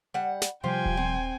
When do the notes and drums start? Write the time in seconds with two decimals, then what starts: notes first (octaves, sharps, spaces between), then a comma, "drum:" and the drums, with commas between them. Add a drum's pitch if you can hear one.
0.14 G3 F#5
0.42 drum: snare
0.64 C3 F3 G3 F4 G4 C5 G5 G#5
0.85 drum: kick D#1
0.97 C4